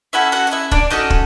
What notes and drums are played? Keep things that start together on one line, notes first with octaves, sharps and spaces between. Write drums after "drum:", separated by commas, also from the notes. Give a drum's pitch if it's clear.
C#4 E4 F#4 A4 E5
F#4 F#5
D#5
E4 E5
D4 D5, drum: kick
C#4 D#4 F#4 A4 D#5
drum: kick